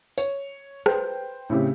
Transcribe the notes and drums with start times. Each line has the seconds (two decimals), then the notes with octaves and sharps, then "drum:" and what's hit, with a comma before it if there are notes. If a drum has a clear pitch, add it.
0.18 C#5, drum: tambourine
0.86 B4 C5 G5, drum: rim click
1.50 A2 C#3 C4 G4